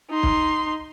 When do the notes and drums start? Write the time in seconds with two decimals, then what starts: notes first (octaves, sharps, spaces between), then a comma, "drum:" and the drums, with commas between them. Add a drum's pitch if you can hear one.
0.10 D#4 C6
0.23 drum: kick